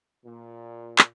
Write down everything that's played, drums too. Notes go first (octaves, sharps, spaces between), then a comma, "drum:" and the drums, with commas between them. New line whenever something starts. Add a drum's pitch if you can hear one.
A#2
drum: clap